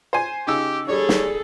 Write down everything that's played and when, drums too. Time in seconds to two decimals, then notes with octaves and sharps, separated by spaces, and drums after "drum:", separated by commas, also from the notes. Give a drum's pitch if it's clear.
0.13 C5 G#5
0.47 C#3 D#4 G4 E6
0.88 G3 D4 G#4 A4 C#5
1.09 drum: snare